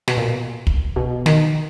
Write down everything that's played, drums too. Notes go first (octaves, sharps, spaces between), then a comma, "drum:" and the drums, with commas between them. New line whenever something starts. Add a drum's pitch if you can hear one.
B2, drum: snare
A#2
drum: kick
B2
D#3, drum: snare